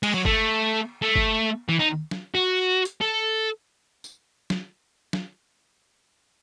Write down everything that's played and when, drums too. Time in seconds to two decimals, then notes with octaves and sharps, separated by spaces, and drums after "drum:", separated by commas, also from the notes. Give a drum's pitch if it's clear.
0.03 G#3, drum: cymbal
0.14 F#3
0.25 A3, drum: kick F#1
1.02 A3
1.16 drum: kick F#1
1.69 E3
1.79 D#4
2.11 drum: snare
2.35 F#4
2.85 drum: hi-hat
3.01 A4
4.04 drum: tambourine
4.50 drum: snare
5.13 drum: snare